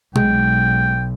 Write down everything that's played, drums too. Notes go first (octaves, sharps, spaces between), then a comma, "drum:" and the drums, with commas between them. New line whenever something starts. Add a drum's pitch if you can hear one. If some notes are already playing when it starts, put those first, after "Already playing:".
B1 G#3 G5, drum: tom B2